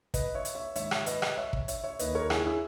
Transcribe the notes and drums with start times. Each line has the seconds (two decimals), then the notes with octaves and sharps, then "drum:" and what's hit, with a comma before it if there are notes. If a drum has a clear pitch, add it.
0.14 B4 D#5, drum: kick, hi-hat
0.34 C#5 E5
0.45 drum: hi-hat
0.55 C#5 E5
0.76 G#2 D#3 C#5 E5, drum: hi-hat
0.91 drum: rim click
1.06 B4 D#5, drum: hi-hat
1.22 drum: rim click
1.37 C#5 E5
1.53 drum: kick
1.68 C#5 E5, drum: hi-hat
1.84 C#5 E5
1.99 D#2 D#3 B4 D#5, drum: hi-hat
2.15 A#4 C#5
2.30 E4 G#4, drum: rim click
2.46 E4 G#4